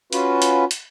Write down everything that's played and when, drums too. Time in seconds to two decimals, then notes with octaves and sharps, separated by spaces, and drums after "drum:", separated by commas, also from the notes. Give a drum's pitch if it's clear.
0.13 C#4 F4 F#4 B4, drum: hi-hat
0.42 drum: hi-hat
0.71 drum: hi-hat